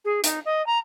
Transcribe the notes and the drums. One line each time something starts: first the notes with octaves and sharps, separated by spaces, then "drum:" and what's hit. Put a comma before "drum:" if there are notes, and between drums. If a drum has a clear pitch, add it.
G#4
D#4, drum: hi-hat
D#5
A#5